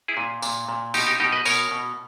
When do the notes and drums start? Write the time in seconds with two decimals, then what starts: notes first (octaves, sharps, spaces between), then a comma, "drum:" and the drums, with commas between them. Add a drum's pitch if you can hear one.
0.08 E4 G#4
0.17 A#2
0.42 A#2, drum: tambourine
0.69 A#2
0.94 B2 D#4 G4, drum: tambourine
1.07 D#4 G4
1.20 B2 D#4 G4
1.32 B4 D#5
1.45 B2 A#4 C#5, drum: tambourine
1.71 B2